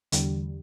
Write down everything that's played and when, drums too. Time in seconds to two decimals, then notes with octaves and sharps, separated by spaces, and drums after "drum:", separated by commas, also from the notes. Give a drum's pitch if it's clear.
0.12 E2 D3 G3, drum: hi-hat